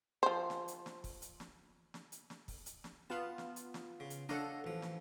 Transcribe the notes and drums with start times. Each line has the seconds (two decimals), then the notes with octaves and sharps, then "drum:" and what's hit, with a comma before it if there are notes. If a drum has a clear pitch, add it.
0.23 F3 C5
0.50 drum: snare
0.68 drum: hi-hat
0.86 drum: snare
1.04 drum: kick, open hi-hat
1.22 drum: hi-hat
1.40 drum: snare
1.94 drum: snare
2.12 drum: hi-hat
2.30 drum: snare
2.48 drum: kick, open hi-hat
2.66 drum: hi-hat
2.84 drum: snare
3.10 B3 F4 F#5 A5
3.38 drum: snare
3.56 drum: hi-hat
3.74 drum: snare
4.00 C#3
4.10 drum: hi-hat
4.29 D4 A4 C#5 D#5 F5 F#5, drum: snare
4.64 A1 F3
4.82 drum: snare